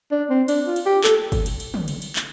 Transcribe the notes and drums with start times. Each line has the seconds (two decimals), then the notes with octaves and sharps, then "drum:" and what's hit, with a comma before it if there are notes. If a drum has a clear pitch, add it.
0.11 D4
0.29 C4
0.48 D4, drum: cymbal
0.67 F4
0.76 drum: cymbal
0.86 G4
1.04 A4, drum: clap
1.32 drum: kick, cymbal
1.46 drum: cymbal
1.60 drum: cymbal
1.74 drum: tom
1.88 drum: cymbal
2.02 drum: cymbal
2.16 drum: clap